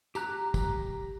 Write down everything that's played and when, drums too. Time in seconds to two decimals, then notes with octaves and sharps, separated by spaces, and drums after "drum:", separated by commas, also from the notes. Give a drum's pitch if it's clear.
0.15 G4 A#5 F#6, drum: tambourine
0.54 drum: kick, tambourine